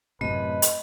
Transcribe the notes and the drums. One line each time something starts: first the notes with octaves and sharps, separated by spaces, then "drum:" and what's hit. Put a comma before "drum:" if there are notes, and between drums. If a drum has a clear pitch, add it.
F#2 A2 C3 A3 B4 D#5
drum: hi-hat